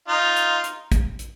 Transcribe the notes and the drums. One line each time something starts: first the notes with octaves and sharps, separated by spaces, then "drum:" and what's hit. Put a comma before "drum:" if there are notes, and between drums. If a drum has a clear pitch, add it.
D#4 F4
drum: hi-hat
drum: hi-hat
drum: kick, hi-hat
drum: hi-hat